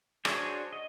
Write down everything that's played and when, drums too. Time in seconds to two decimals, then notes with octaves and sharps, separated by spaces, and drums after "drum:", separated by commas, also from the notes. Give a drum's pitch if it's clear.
0.25 D4 F#4 G#4 C5 C#5, drum: rim click
0.73 D#5